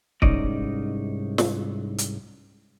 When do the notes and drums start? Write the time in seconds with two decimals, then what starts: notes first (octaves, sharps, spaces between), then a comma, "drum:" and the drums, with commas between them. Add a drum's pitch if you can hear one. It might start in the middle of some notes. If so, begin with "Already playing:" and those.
0.22 C2 G#2 C#4 D#4 D5 D#5, drum: kick C#1
1.38 drum: snare
1.98 drum: hi-hat